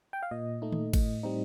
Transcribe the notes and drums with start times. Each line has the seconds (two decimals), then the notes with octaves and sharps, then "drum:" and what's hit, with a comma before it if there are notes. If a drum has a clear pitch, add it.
0.13 G5
0.23 F5
0.31 A#2 D#5
0.62 A3 D#4
0.72 drum: tom D#3
0.93 A2, drum: kick G#1, cymbal
1.23 G3 C4 D#4